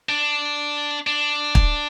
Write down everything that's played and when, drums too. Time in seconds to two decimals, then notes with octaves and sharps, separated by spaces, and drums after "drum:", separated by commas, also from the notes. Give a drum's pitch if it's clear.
0.09 D4
1.07 D4
1.55 drum: kick